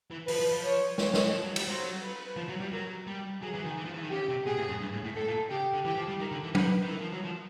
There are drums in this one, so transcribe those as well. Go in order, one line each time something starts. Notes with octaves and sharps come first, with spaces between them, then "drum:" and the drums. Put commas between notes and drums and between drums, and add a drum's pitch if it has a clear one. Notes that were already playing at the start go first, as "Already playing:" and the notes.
E3
F3 B4, drum: open hi-hat
F3
F3
C#5
C#5, drum: snare
drum: snare
E3
F3
F#3
G3, drum: cymbal
F#3 C5
B4
F3
F#3
G3
F#3 A#4
G3
F#3 G#4
E3
D#3
E3
F3
E3
D#3
C#3 G4
C3
B2 G#4
A2
F#2
G2
A2
A2
A2 A4
A#2
C#3 G4
D3
E3 G4
F3
G3
D#3 A#4
D3
E3
D#3 B4, drum: tom F#3
D#3
E3 A#4
F3
F#3
F3